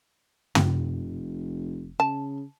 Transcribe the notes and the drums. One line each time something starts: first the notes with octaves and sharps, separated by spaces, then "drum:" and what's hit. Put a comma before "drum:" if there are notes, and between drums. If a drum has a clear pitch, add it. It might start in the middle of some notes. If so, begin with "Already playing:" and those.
F1, drum: tom
C#3 A5